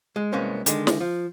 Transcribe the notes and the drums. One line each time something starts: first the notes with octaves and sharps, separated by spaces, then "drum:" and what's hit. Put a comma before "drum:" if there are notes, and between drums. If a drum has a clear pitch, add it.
G#3
C2 G#3 A#3 B3 C#4 C5
D3 D#3 G#3, drum: hi-hat
drum: snare
F3